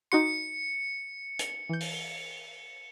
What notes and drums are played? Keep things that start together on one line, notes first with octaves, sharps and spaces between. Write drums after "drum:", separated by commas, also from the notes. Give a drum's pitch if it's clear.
D#4 F#4 C6 C#7
drum: hi-hat
E3 G6
drum: open hi-hat